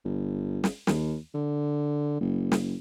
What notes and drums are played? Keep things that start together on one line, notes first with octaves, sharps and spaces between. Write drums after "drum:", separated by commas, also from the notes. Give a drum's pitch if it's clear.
G1
drum: snare
D#2, drum: snare
D3
F#1
drum: snare